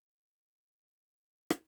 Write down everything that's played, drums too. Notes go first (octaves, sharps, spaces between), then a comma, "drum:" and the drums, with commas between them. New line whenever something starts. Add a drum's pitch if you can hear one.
D4 F#5
drum: rim click